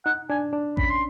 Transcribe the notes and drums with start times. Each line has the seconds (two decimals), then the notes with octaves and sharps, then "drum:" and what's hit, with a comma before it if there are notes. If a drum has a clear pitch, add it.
0.05 D#4 F#5
0.30 D4 G#5
0.53 D4
0.77 C#4 B5, drum: kick A1
0.89 C6